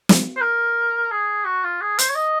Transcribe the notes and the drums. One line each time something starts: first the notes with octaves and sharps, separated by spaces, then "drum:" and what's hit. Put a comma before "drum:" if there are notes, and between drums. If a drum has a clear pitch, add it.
drum: snare
C5
A#4
G#4
F#4
F4
G#4
C5, drum: hi-hat
C#5
D#5